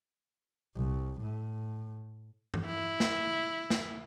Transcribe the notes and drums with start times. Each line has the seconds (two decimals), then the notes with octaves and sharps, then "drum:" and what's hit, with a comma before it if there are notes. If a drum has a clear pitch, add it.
0.76 C2
1.21 A2
2.54 drum: tom G2
2.66 E4
3.00 drum: snare
3.70 drum: snare